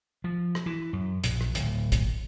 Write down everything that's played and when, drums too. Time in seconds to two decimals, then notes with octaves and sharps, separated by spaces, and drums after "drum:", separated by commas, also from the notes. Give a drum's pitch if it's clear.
0.24 F3
0.55 drum: rim click
0.66 E3
0.93 F#2
1.24 A#1, drum: hi-hat
1.41 drum: rim click
1.55 D1, drum: hi-hat
1.92 drum: kick, hi-hat